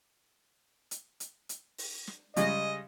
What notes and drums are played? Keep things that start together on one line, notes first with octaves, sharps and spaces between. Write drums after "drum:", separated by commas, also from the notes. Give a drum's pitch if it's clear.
drum: hi-hat
drum: hi-hat
drum: hi-hat
drum: open hi-hat
drum: snare
C#3 G3 G#3 D#5, drum: hi-hat